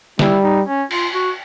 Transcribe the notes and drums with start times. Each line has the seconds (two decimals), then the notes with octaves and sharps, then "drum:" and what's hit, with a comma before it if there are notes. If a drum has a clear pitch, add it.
0.19 G3 E4, drum: snare
0.43 D#4
0.66 C#4
0.91 F4, drum: cymbal
1.14 F#4